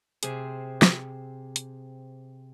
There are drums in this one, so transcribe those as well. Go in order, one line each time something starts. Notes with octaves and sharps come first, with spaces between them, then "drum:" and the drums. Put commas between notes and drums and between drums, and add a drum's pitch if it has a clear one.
C3 C4 G#4, drum: hi-hat
drum: snare
drum: hi-hat